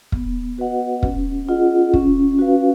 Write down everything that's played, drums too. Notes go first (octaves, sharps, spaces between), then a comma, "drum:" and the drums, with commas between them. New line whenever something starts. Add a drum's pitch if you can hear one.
B3, drum: kick
F#4 B4 D#5 F#5
C#4, drum: kick
F4 G#4 D#5 F#5
C#4, drum: kick
F#4 B4 F5